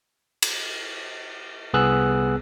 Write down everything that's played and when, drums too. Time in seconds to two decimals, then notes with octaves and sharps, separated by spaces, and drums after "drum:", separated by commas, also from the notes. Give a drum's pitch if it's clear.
0.42 drum: cymbal
1.74 C2 B3 G#4 E6 F#6